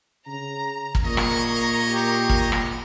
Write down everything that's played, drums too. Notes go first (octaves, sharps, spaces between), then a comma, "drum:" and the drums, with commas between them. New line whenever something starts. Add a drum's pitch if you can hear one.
C#3 A#5
drum: kick
A#2 A#3 G#4 D#5 A#5 C#6
drum: rim click
G4
drum: kick
drum: rim click